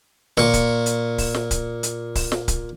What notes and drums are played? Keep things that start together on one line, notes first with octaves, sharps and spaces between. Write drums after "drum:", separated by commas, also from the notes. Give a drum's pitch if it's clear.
A#2 C#6, drum: snare
drum: kick C#1, hi-hat
drum: hi-hat
drum: kick C#1, open hi-hat
drum: snare
drum: kick C#1, hi-hat
drum: hi-hat
drum: kick C#1, open hi-hat
drum: snare
drum: kick C#1, hi-hat